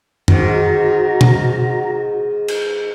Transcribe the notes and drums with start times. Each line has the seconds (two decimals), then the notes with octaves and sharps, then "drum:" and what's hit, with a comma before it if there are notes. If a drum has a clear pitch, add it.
0.28 G#2 D#3 F#4 A#5, drum: tom
1.21 drum: tom
2.48 drum: cymbal